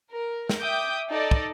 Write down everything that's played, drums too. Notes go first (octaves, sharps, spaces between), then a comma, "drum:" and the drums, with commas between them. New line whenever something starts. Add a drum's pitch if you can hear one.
A#4
drum: snare
E5 G5 D6 D#6 G6
D#4 A4 D5 D#5
drum: kick